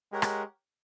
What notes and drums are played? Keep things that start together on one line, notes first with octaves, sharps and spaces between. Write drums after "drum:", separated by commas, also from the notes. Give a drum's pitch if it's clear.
G#3 G4 A#4 C#5 F#5
drum: rim click